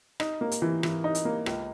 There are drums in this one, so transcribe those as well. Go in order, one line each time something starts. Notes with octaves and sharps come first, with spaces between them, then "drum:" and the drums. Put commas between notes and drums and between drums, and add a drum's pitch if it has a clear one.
D#4, drum: rim click
A#3
drum: hi-hat
E3
E3, drum: rim click
D#4
drum: hi-hat
A#3
C#2, drum: rim click